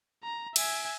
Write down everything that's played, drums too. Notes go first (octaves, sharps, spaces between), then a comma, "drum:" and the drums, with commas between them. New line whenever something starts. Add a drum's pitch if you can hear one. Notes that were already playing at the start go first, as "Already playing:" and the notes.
A#5
E5 G#5, drum: cymbal